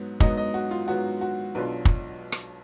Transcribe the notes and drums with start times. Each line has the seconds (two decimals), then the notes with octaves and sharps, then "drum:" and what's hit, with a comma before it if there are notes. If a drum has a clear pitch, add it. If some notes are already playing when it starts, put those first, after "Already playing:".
Already playing: G#2 F#3 B3
0.20 G#2 F#3 B3 D#5, drum: kick
0.37 D#5
0.54 F#4
0.71 F4
0.88 G#2 F#3 B3 F#4
1.21 F#4
1.55 B1 B2 F#3 D4 F4 B4
1.85 drum: kick
2.32 drum: rim click